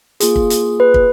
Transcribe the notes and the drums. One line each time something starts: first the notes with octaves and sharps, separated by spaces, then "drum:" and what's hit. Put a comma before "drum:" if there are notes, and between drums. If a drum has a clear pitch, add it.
A#3 F4 G#4, drum: hi-hat
drum: kick
drum: hi-hat
B4
drum: kick